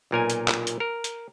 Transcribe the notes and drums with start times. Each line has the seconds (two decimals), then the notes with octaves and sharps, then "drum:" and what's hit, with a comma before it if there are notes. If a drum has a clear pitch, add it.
0.11 B1 A#2 A#4 G#5
0.30 drum: hi-hat
0.48 drum: clap
0.67 drum: hi-hat
0.80 A#4
1.04 drum: hi-hat